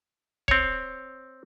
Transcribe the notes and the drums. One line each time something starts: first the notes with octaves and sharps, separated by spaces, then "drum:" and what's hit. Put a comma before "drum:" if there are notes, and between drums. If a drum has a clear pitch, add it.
C4 C#5, drum: kick